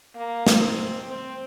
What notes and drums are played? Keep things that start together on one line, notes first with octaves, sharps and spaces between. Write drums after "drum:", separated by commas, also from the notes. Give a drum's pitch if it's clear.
A#3
C4, drum: snare
C4